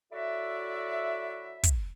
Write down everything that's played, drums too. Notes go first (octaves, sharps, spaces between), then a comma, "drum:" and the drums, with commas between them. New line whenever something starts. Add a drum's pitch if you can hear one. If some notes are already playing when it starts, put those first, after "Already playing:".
F#3 E4 F#4 A4 D5 E5
drum: kick, hi-hat